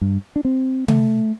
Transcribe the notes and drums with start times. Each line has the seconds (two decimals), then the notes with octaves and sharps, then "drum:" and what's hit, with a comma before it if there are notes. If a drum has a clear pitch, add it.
0.01 G2
0.36 D4
0.45 C4
0.88 A3, drum: tom C3